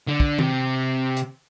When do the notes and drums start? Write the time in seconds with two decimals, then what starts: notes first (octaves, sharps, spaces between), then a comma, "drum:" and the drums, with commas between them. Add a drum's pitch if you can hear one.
0.08 D3 D4
0.20 drum: kick
0.38 C3 G4, drum: tom D#3
1.16 drum: hi-hat